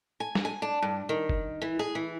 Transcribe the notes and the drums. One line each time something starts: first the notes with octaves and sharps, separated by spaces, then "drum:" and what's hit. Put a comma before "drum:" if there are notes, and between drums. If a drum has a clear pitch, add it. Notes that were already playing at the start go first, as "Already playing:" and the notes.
G#5
drum: snare
G#5
D4
G2
D#3
drum: kick F#1
E3
G#4
E3